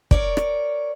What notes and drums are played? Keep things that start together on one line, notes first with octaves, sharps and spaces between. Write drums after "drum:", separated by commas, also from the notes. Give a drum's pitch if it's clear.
A#4 C#5 D5, drum: kick
drum: rim click